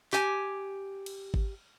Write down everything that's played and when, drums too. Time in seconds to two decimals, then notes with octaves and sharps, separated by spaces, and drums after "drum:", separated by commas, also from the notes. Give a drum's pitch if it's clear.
0.13 G4 G#5, drum: clap
1.06 drum: cymbal
1.34 drum: kick G#1